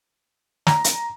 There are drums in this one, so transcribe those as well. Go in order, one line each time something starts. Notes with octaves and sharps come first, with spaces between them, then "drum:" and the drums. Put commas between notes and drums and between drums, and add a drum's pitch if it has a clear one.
A#5, drum: snare
drum: hi-hat